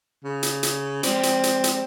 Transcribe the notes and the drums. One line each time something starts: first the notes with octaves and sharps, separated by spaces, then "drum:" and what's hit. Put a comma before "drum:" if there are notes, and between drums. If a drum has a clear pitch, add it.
C#3
drum: hi-hat
drum: hi-hat
G#3 C4 G4 D5, drum: hi-hat
drum: hi-hat
drum: hi-hat
drum: hi-hat